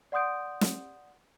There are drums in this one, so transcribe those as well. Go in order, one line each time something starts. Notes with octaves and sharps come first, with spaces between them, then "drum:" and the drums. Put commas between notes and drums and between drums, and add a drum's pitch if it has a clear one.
D5 F#5 C6 D#6 G6 D7
drum: snare